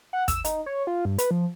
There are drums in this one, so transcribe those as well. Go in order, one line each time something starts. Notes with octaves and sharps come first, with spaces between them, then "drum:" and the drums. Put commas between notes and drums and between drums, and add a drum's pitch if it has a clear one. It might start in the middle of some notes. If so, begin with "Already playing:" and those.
F#5
E6, drum: kick, hi-hat
D#4, drum: hi-hat
C#5
F4
G2
B4, drum: hi-hat
F3